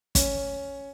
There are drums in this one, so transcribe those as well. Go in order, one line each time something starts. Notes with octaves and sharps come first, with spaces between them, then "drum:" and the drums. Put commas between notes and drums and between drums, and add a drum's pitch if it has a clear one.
C#4, drum: kick, hi-hat